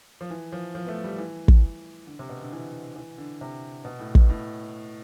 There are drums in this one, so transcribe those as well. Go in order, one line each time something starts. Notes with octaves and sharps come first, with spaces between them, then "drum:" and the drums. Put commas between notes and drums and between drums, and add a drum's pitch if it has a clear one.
F3
E3
F3
F3
B3
A3
G3
E3
drum: kick
D3
C3
B2
D3
E3
E3
D3
C3
B2
A2
B2, drum: kick
A2